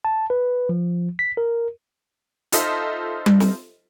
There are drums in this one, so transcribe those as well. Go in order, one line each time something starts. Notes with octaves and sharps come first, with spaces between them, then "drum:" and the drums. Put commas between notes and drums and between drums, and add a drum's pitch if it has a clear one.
A5
B4
F3
B6
A#4
D#4 F4 A4 C5 D#5 E5, drum: hi-hat
drum: tom G3
drum: snare